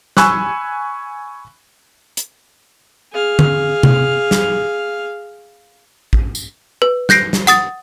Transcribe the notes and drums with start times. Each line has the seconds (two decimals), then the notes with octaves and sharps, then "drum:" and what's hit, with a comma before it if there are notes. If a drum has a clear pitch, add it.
0.17 G#5 B5 C#6 E6 F#6, drum: snare
2.17 drum: hi-hat
3.13 G#4 F5
3.39 drum: tom D3
3.83 drum: tom C3
4.31 drum: snare
6.13 drum: kick A1
6.35 drum: tambourine
6.82 B4
7.09 F#6 G6 A#6 C7 D7, drum: snare
7.33 drum: snare
7.47 F#5 D#6 A6, drum: hi-hat